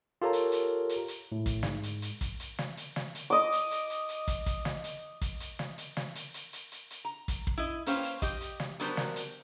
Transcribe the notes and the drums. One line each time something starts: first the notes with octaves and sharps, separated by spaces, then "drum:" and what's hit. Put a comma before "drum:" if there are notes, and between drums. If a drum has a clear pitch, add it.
F4 G4 A4 A#4 C#5 A#5
drum: hi-hat
drum: hi-hat
drum: hi-hat
drum: hi-hat
A2
drum: kick, hi-hat
G#2, drum: snare
drum: hi-hat
drum: hi-hat
drum: kick, hi-hat
drum: hi-hat
drum: snare
drum: hi-hat
drum: snare
drum: hi-hat
D#5 D6
drum: hi-hat
drum: hi-hat
drum: hi-hat
drum: hi-hat
drum: kick, hi-hat
drum: kick, hi-hat
drum: snare
drum: hi-hat
drum: kick, hi-hat
drum: hi-hat
drum: snare
drum: hi-hat
drum: snare
drum: hi-hat
drum: hi-hat
drum: hi-hat
drum: hi-hat
drum: hi-hat
A#5
drum: kick, hi-hat
drum: kick
E4 D#5
A#3 C#4 B4 C5 F5 G5, drum: hi-hat
drum: hi-hat
G4 D#5, drum: kick, hi-hat
drum: hi-hat
drum: snare
F#3 G3 B3 D4 A#4 C5, drum: hi-hat
drum: snare
drum: hi-hat